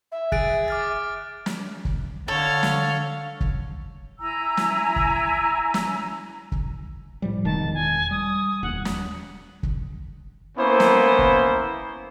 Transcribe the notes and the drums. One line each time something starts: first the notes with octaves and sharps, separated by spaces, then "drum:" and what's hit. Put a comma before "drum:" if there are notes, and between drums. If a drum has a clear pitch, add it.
E5
G#4 F#6 A6 D7, drum: kick
D6 F6 A6
drum: snare
drum: kick
D3 A4 C#5 F5
drum: snare
drum: kick
E4 G#5 A#5 E6
drum: snare
drum: kick
drum: snare
drum: kick
A2 F3 G3
E1 D#3 A5
G#5
G3 D#6
D#1 F#5
drum: snare
drum: kick
A#3 B3 C#4 E4 C5
drum: snare
drum: kick